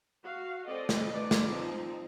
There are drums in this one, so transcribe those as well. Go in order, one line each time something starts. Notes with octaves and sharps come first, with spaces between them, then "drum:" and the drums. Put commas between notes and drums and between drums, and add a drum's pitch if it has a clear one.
F#4 F5
C4 A4 D5 D#5
drum: snare
A3 D#4 B4 D5
drum: snare
F3 C4 D#4